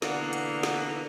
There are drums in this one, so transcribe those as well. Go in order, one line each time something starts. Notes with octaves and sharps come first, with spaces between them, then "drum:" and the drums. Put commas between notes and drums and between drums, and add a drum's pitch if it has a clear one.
B2 D3 E3 A#3 B3 D4, drum: snare
drum: hi-hat
drum: snare